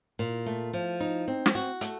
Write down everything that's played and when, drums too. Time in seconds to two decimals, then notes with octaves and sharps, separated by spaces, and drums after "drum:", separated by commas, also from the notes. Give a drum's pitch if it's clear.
0.19 A#2
0.46 A3
0.73 F3
1.00 D#4
1.28 C4
1.46 drum: snare
1.55 F#4
1.81 A3, drum: hi-hat